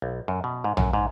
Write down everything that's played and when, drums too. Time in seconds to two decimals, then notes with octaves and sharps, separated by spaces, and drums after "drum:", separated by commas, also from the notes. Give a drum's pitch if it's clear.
0.02 B1
0.28 F#2
0.44 B2
0.64 G#2
0.77 F#2, drum: tom A#1
0.93 G#2